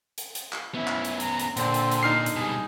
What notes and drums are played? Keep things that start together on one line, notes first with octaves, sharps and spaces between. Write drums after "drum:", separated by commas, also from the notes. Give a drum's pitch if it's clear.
drum: hi-hat
drum: hi-hat
drum: clap
B3 C#4 E4
drum: clap
drum: hi-hat
A#5, drum: hi-hat
drum: hi-hat
A#2 D3 C4, drum: hi-hat
drum: hi-hat
drum: hi-hat
D#4 F6 C7
drum: hi-hat
B2 G3 G#4